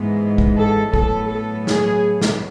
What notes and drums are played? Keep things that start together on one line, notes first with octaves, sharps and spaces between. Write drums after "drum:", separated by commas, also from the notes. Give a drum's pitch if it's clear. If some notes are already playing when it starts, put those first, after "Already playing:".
Already playing: G#2 E3 G#3 B3
drum: kick
A4
A2 F#3 B3 A4, drum: kick
A4
G#4, drum: snare
drum: snare